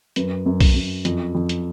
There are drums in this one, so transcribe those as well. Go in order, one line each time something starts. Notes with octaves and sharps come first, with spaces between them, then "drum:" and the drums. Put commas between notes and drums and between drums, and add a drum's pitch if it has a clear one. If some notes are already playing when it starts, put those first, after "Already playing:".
F#2 B4, drum: hi-hat
F#2
drum: kick B1, open hi-hat
F#2
F2, drum: hi-hat
F2
drum: hi-hat